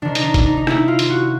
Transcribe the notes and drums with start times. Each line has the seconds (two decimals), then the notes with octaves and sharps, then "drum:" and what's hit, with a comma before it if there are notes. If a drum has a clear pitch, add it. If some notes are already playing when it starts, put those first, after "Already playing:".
0.02 C3 D#3 D4
0.15 D#4, drum: hi-hat
0.24 D4
0.34 drum: kick, hi-hat
0.45 D#4
0.57 D#4
0.67 E4, drum: rim click
0.88 F4
0.99 drum: hi-hat
1.10 F#4